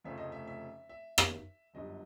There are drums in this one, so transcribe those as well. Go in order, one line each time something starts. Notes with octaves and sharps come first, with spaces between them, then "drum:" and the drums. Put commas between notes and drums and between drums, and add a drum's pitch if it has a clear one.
F1 F2 C#3 F3 A3 E5
D#5
E5
E5
E5
drum: rim click
G1 F#2 D3 G3 D#5